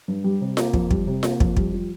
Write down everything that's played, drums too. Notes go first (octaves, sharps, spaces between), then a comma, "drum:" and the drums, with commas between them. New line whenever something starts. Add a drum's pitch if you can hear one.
G2
G3
C3
A#3, drum: snare F4
F2, drum: kick
G3, drum: kick
C3
A#3, drum: snare F4
F2, drum: kick
G3, drum: kick
F3